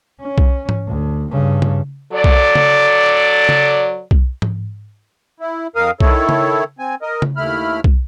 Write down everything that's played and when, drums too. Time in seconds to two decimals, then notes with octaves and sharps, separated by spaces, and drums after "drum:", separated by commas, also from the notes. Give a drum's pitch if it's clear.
0.21 C#4
0.38 drum: kick B1
0.69 drum: tom G#2
0.88 D2
1.31 G2 C#3
1.62 drum: tom C#3
2.13 F#3 A4 D5
2.24 drum: kick B1
2.55 drum: tom C#3
3.49 drum: tom C#3
4.11 drum: kick B1
4.42 drum: tom G#2
5.40 E4
5.76 F2 A#4 F5 D#6
6.00 D#3 E4 A4 C#5, drum: kick B1
6.29 drum: tom C#3
6.79 C4 G#5
7.02 A#4 D#5
7.22 drum: tom C#3
7.37 D#2 A3 E4 B5 F6
7.84 drum: kick B1